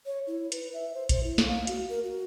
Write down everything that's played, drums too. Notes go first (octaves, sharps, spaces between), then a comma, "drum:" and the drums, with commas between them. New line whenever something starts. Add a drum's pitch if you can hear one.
C#5
E4
B4, drum: hi-hat
E5
C5
C5, drum: kick A#1, hi-hat
E4
drum: snare
F5
F#4, drum: hi-hat
A#4
F#4